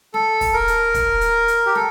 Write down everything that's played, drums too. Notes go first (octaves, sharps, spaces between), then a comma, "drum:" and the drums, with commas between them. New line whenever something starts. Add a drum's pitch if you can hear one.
A4, drum: snare
drum: kick, open hi-hat
A#4
drum: hi-hat
drum: kick, hi-hat
drum: hi-hat
drum: hi-hat
G4
A4, drum: snare